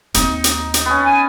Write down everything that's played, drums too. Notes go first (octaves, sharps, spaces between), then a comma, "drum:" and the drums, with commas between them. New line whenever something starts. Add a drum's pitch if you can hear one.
D#2 C4 D#4, drum: hi-hat
drum: hi-hat
drum: hi-hat
B3 C#4
G#5